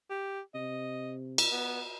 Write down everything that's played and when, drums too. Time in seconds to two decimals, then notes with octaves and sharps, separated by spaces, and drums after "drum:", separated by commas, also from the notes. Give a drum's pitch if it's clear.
0.10 G4
0.55 C3 D#5
1.38 drum: cymbal
1.52 B3